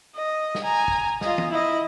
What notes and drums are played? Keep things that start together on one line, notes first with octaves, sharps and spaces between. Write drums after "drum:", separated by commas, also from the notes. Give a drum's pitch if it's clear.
D#5
drum: snare
G#5 A#5
drum: kick
F4 D#5, drum: snare
drum: tom E3
E4 D#5